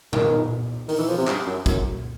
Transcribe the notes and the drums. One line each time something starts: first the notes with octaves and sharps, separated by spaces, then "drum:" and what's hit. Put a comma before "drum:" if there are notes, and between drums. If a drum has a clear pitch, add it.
D#3, drum: tom A2
D#3, drum: open hi-hat
E3
F3
C3
G2, drum: clap
F#2
F#2, drum: kick, hi-hat